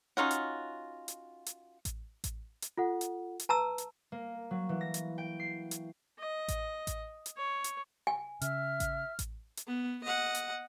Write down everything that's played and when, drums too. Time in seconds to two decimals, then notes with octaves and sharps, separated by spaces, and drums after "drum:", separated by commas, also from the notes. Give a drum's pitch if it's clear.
0.17 C#4 D#4 F4 F#4
0.31 drum: hi-hat
1.08 drum: hi-hat
1.46 drum: hi-hat
1.85 drum: kick A1, hi-hat
2.24 drum: kick A1, hi-hat
2.62 drum: hi-hat
2.77 F4 A4 F#5
3.01 drum: hi-hat
3.40 drum: hi-hat
3.49 B4 A5 A#5 E6
3.78 drum: hi-hat
4.12 A#3
4.51 F#3
4.69 E3
4.81 A#6
4.94 drum: hi-hat
5.18 G5
5.40 C7
5.71 drum: hi-hat
6.19 D#5
6.48 drum: kick A1, hi-hat
6.87 drum: kick A1, hi-hat
7.26 drum: hi-hat
7.37 C#5
7.64 drum: hi-hat
8.07 G#5
8.41 C#3 E5 F6, drum: hi-hat
8.80 drum: kick A1, hi-hat
9.19 drum: kick A1, hi-hat
9.57 drum: hi-hat
9.67 B3
10.03 D#5 F#5
10.35 drum: hi-hat